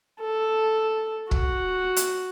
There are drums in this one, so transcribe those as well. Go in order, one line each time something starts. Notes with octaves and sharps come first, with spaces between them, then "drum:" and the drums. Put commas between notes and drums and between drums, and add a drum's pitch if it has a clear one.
A4
F#4, drum: kick
drum: hi-hat